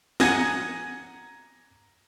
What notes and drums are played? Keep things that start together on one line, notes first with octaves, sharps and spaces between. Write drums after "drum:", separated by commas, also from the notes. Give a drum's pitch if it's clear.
F#5 G#5 A#5 D#6 G#6 A#6, drum: snare